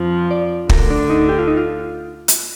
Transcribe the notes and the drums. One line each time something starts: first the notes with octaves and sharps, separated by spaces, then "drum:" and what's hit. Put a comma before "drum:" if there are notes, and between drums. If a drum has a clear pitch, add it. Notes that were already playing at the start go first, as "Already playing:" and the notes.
Already playing: F2 F3
D5
D2 D3 A#4, drum: kick
D4
D#4
G4
F4
D#4
F4
drum: hi-hat